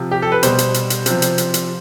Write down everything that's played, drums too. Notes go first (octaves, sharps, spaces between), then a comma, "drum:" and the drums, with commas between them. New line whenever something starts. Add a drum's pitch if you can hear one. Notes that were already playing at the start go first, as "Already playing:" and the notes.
Already playing: C3 F3
G4
A4
B4
B2 G3 C5, drum: hi-hat
drum: hi-hat
drum: hi-hat
drum: hi-hat
C3 F3, drum: hi-hat
drum: hi-hat
drum: hi-hat
drum: hi-hat